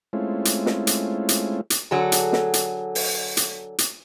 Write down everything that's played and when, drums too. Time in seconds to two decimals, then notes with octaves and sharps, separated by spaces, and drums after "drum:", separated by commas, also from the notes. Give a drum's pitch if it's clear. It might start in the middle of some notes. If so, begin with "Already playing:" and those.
0.13 G#3 A3 C4 C#4 E4 F4
0.45 drum: hi-hat
0.66 drum: snare
0.87 drum: hi-hat
1.29 drum: hi-hat
1.70 drum: hi-hat
1.91 D3 F#3 G#4 A4
2.12 drum: hi-hat
2.33 drum: snare
2.54 drum: hi-hat
2.95 drum: open hi-hat
3.37 drum: hi-hat
3.78 drum: hi-hat